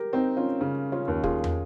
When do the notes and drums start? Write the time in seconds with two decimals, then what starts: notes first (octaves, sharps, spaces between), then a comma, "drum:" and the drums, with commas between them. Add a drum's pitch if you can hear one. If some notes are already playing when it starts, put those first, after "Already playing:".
Already playing: G4 A#4
0.13 C4 D#4
0.37 C#4 F4
0.60 C#3 C#4
0.92 C#4 F4
1.08 D#2
1.24 F4 G#4, drum: kick
1.44 drum: tom